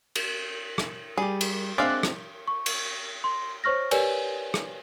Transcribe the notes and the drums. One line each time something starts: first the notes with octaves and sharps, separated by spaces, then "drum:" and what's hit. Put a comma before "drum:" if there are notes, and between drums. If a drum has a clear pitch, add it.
drum: cymbal
drum: rim click
G3 G4 G#4
drum: cymbal
G#3 C4 D4 E5 F5 D6 F#6 A6
drum: rim click
C#6
drum: cymbal
C6
C5 C#5 C#6 F6 A#6
G4 A#4 B4 C#5 D5 G#5, drum: cymbal
drum: rim click